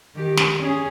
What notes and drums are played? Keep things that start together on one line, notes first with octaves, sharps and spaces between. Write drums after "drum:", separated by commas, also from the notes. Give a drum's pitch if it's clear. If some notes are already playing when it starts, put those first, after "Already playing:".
D#3 G4
drum: snare
C#4 G#4